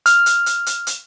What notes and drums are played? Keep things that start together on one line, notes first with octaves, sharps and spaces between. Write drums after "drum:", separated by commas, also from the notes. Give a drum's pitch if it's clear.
F6, drum: hi-hat
drum: hi-hat
drum: hi-hat
drum: hi-hat
drum: hi-hat